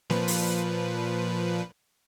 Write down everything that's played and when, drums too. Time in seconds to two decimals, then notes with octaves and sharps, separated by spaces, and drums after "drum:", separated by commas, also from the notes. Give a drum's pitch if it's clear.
0.10 A#2 F3 B4, drum: snare A#3
0.28 drum: open hi-hat